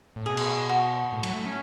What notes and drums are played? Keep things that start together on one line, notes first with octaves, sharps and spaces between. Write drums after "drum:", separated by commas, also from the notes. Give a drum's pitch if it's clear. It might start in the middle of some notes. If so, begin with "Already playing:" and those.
A2
B2 G#4
drum: cymbal
F#4
A2
F#3, drum: cymbal
A3
C#4